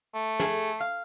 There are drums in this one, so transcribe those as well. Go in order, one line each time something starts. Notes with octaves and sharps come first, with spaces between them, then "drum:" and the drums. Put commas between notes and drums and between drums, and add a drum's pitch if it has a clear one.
A3
G#4 A4, drum: snare
F5